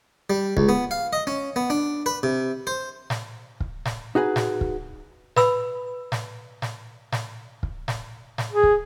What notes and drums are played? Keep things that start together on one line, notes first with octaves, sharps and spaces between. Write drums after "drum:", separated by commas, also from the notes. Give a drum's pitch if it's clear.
G3
C#2, drum: kick
B3
F5
D#5
C#4
B3
D4
B4
C3
C5
drum: snare
drum: kick
drum: snare
D#4 F#4 G#4 B4
drum: snare
drum: kick
B4 B5 E6, drum: snare
drum: snare
drum: snare
drum: snare
drum: kick
drum: snare
drum: snare
G#4
drum: kick